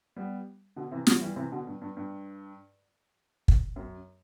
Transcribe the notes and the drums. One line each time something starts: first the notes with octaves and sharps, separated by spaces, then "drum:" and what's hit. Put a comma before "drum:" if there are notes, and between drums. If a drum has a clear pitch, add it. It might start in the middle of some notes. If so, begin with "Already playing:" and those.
G3 B3
B2 D3
C3 E3
D3 F#3, drum: snare
E3 G3
C3 E3
B2 D3
G2
G2
G2
drum: kick
F#2